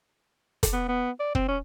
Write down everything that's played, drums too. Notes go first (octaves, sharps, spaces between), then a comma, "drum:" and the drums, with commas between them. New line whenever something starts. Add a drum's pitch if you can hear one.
drum: kick, hi-hat
B3
B3
D5
C4, drum: kick
C#4